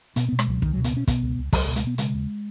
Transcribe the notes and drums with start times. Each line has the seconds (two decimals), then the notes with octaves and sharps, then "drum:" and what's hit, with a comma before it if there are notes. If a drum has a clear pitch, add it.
0.16 B2 B3, drum: hi-hat
0.29 B3
0.32 B2
0.39 G#3, drum: rim click
0.48 C#2 F#3
0.62 C#2 D#3, drum: kick
0.73 F#3
0.78 B2
0.84 B3, drum: hi-hat
0.92 B2 C#4
1.07 B2 B3, drum: kick, hi-hat
1.22 C#2
1.38 C#2
1.53 C#2 F#3, drum: kick, open hi-hat
1.68 B2
1.76 G#3, drum: hi-hat
1.84 B2 B3
1.98 C#3 G#3, drum: hi-hat
2.14 D#2